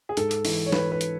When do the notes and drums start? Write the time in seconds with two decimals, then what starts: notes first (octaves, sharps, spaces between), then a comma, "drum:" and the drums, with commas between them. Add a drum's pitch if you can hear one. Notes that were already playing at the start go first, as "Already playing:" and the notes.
0.09 G#4
0.17 G#2 A4, drum: hi-hat
0.31 drum: hi-hat
0.45 E3, drum: open hi-hat
0.66 C#5
0.72 E3 B4, drum: snare
0.92 B4
1.01 drum: hi-hat